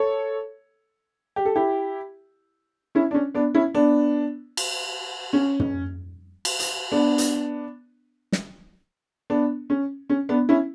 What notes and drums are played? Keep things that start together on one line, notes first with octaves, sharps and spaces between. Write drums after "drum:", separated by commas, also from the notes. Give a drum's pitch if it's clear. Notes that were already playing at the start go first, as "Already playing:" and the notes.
Already playing: A4 C#5
G4
A4
E4 G4
C#4 E4
D4
C#4
B3 D4
C#4 E4
B3 D4
drum: cymbal
C#4
drum: tom
drum: cymbal
drum: hi-hat
B3 D4
drum: hi-hat
drum: snare
B3 D4
C#4
C#4
B3 D4
C#4 E4